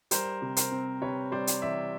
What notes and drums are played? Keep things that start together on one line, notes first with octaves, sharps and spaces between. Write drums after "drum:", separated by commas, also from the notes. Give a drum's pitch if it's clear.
G3 A#4 C5, drum: hi-hat
C3
A#4 C5, drum: hi-hat
C4
C3 B4 C#5
G3 C5 D5
drum: hi-hat
E3 D5 E5